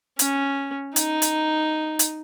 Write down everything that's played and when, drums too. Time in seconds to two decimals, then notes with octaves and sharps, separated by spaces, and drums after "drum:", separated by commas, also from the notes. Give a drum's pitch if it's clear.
0.19 C#4, drum: hi-hat
0.96 D#4, drum: hi-hat
1.22 drum: hi-hat
1.99 drum: hi-hat